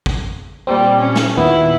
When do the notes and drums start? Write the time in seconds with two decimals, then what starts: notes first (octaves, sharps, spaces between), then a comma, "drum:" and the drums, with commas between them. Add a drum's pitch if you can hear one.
0.06 drum: kick
0.67 A#2 G3 C4
1.00 C#4
1.15 drum: snare
1.37 D#2 A#2 B3 E4